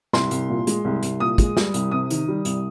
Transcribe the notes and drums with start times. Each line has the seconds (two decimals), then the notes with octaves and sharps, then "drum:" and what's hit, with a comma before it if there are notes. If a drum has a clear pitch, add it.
0.13 C2 C6, drum: snare
0.31 C2, drum: hi-hat
0.50 A#2
0.67 G#3, drum: hi-hat
0.85 C2
1.03 C2, drum: hi-hat
1.20 A#2 D#6
1.38 G#3, drum: kick, hi-hat
1.57 G3, drum: snare
1.74 C2, drum: hi-hat
1.91 C3 D#6
2.10 D#3, drum: hi-hat
2.28 G3
2.45 C2, drum: hi-hat